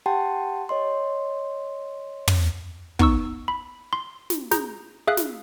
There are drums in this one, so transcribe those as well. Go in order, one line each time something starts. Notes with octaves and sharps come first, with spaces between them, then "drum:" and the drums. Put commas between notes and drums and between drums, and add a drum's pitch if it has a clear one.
G4 F#5 G5 A5 C6
C#5 D#5 C6
drum: tom
B3 D#4 C#6 E6, drum: kick
B5
C6
drum: snare
G#4 A#5 G6, drum: snare
G#4 E5 F5 D#6 F#6
drum: snare